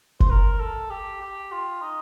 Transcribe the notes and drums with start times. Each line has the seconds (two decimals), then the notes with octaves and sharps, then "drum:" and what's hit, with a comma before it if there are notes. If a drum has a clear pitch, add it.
0.20 C5, drum: kick
0.30 A#4
0.60 A4
0.90 G4
1.21 G4
1.52 F4
1.82 D#4